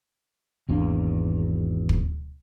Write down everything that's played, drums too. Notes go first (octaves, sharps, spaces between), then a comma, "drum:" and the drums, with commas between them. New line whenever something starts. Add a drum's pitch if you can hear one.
G#1 E2 A#3 D4
drum: kick